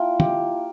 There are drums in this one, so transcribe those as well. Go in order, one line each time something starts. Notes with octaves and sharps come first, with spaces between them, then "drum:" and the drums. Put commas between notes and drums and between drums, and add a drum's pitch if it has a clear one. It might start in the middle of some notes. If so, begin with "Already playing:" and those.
Already playing: A#3 E4 F4 G5 A5
G4, drum: tom